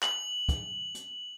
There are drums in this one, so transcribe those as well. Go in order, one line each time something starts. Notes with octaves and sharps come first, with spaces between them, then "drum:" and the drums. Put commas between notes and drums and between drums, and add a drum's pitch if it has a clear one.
F#7, drum: clap
drum: kick, hi-hat
drum: hi-hat